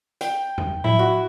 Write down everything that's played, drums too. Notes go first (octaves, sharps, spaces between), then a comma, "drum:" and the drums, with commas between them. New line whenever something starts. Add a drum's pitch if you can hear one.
G5, drum: hi-hat
drum: tom E2
E4, drum: tom A2
F#4